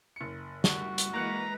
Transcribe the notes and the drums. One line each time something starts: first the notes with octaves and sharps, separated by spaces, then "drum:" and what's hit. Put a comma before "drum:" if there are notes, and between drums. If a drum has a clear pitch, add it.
F#1 C#7
G3 A3 F#4, drum: snare
drum: hi-hat
E3 G#3 A#3 B4 A#5 F#6 C#7